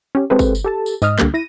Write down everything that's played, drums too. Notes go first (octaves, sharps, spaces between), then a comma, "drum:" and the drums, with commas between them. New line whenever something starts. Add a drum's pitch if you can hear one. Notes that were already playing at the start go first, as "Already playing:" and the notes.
C#4 G4
G#3 C4 G4 A4 B4 C5
drum: kick G1, tambourine
drum: tambourine
G4 A4 A5
drum: tambourine
G#2 D#5 D#6 F6, drum: tambourine
C#2 D3 G3 A#3, drum: clap
E4 A#6 D#7